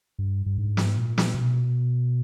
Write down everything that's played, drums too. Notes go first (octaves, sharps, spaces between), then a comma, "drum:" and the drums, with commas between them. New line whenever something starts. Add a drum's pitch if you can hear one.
G2
G2
G#2
drum: snare
A#2
drum: snare
B2